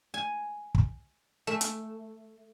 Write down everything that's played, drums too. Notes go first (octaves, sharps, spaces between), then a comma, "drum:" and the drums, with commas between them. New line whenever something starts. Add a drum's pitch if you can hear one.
G#5
drum: kick
A3
drum: hi-hat